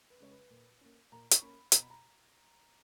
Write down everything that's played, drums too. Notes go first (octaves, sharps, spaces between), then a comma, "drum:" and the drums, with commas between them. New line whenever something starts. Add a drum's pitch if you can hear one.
B4
C#3 G#3 C#4 C#5
B4
A#2
A#3 C#4
A#2 A#5
C#6, drum: hi-hat
A#3 C#4 B5
B2 A#5, drum: hi-hat
B5
A#5